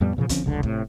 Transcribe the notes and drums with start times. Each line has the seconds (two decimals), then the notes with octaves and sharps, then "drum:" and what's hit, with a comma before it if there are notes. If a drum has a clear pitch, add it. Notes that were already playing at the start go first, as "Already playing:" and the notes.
0.01 F2 A2 G3 B3
0.17 D2 A#2 C#3 F3
0.29 D3 F3 C4 C#4, drum: kick, hi-hat
0.44 F1 C#2 D3
0.63 A2 C3, drum: kick